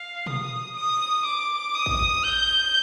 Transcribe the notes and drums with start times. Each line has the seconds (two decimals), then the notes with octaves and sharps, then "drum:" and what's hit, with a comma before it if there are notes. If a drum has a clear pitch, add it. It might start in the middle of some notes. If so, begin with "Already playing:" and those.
Already playing: F5
0.26 D#6, drum: tom
0.76 D#6
1.25 D6
1.75 D#6
1.86 drum: kick
2.25 G6